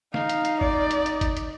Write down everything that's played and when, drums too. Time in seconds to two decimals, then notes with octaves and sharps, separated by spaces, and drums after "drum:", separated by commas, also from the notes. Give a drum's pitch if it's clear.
0.14 D#4 F5, drum: snare
0.29 drum: hi-hat
0.45 drum: hi-hat
0.61 D5, drum: kick G1
0.91 drum: hi-hat
1.06 drum: hi-hat
1.21 drum: kick G1, hi-hat
1.37 drum: hi-hat